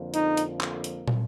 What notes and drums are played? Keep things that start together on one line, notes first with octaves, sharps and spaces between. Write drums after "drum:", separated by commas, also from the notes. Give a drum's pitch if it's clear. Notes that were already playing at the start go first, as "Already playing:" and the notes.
Already playing: F2 D3 F3 A#3
D#4, drum: hi-hat
drum: hi-hat
drum: clap
drum: hi-hat
drum: tom